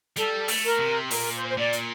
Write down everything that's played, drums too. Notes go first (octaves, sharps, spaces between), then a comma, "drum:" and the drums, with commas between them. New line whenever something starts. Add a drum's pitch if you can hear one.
G3 A4, drum: hi-hat
A3, drum: open hi-hat
A#4
C3
A#2 A#4, drum: open hi-hat
C5
C5
A#2 D5
drum: hi-hat